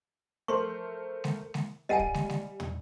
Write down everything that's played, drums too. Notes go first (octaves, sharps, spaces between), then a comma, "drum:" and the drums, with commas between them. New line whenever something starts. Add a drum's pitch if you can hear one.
A3 A#4 C5 C6 C#6
drum: snare
drum: snare
G3 D#5 F#5 G#5 D#7
drum: kick
drum: snare
drum: snare
drum: tom